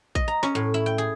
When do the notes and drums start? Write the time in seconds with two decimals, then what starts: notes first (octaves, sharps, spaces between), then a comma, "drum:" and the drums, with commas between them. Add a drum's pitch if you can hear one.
0.15 D#5, drum: kick A#1
0.28 A#5
0.43 C#4, drum: snare
0.55 A2
0.74 E4
0.86 G5
0.98 G#4